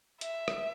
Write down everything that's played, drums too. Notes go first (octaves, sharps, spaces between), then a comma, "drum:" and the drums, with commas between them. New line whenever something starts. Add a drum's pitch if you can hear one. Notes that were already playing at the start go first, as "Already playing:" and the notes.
E5, drum: hi-hat
drum: rim click